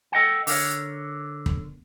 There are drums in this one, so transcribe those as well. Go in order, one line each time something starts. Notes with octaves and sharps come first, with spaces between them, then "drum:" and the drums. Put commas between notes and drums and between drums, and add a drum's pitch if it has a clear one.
A4 D#5 F#5 G5
D3 A#4 C#5, drum: open hi-hat
drum: kick